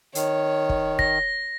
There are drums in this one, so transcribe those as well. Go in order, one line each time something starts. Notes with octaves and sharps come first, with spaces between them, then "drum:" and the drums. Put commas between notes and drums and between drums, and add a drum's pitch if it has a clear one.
D#3 C#5, drum: hi-hat
drum: kick
A#6, drum: kick